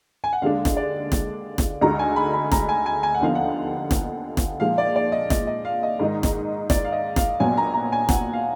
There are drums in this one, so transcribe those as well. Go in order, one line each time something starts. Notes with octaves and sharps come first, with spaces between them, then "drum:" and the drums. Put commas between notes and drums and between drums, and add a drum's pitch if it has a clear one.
G#5
F#5
D#2 D3 G#3 D4 F5
drum: snare
D5
drum: snare
drum: snare
D2 D3 G#3 D#4 F#4 A#5
G#5
B5
B5
A#5, drum: snare
G#5
G#5
G#5
F#5
D#2 D3 F3 B3 D#4 F5
F#5
drum: snare
drum: snare
A#2 F3 G#3 D#4 F5
D5
D5
D#5
D#5, drum: snare
D#5
F5
D#5
G#2 D#3 G#3 D#4
drum: snare
D5, drum: snare
F5
D#5
F5, drum: snare
A#1 A#2 F#3 B3 G#5
A#5
A#5
G#5
F#5, drum: snare
F5